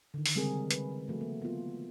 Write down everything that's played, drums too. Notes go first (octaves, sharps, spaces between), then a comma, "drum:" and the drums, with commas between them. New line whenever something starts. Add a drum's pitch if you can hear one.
D3 D#3
drum: open hi-hat
C#3 G3 G#3 C4 G#4 A#4
B4, drum: hi-hat
F3 A3 F#4
A#3
B3 F4